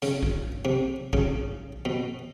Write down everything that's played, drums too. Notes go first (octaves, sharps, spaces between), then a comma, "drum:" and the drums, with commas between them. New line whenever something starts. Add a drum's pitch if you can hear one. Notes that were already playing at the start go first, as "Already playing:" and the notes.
C#3, drum: hi-hat
drum: kick A#1
C3
C#3, drum: kick A#1
B2